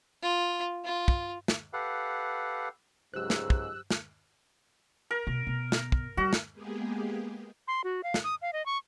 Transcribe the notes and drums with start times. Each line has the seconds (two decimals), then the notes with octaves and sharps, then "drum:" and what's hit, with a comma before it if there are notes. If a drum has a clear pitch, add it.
0.22 F4
0.85 F4
1.08 drum: kick
1.48 drum: snare
1.73 G4 A4 B4 F5 F#5
3.14 C#2 G#2 F#3 G4 C5 E6 F#6
3.30 drum: snare
3.50 drum: kick
3.91 drum: snare
5.11 A#4
5.27 B2
5.47 B2
5.72 drum: snare
5.92 drum: kick
6.17 G3 F#4
6.33 drum: snare
6.53 G#3 A#3 B3 G4 G#4
7.68 C6
7.84 F#4
8.04 F5
8.14 drum: snare
8.24 D#6
8.42 F5
8.53 D#5
8.66 C#6